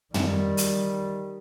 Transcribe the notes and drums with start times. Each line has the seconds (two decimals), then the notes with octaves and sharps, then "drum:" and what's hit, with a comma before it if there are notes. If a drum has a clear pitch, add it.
0.14 D#3 G3, drum: tom
0.57 drum: hi-hat